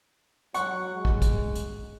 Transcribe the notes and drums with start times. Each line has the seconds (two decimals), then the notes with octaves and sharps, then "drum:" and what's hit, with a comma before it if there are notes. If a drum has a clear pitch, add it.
0.54 F#3 F#5 C#6, drum: hi-hat
0.95 G#3
1.05 drum: kick
1.22 drum: kick, hi-hat
1.55 drum: hi-hat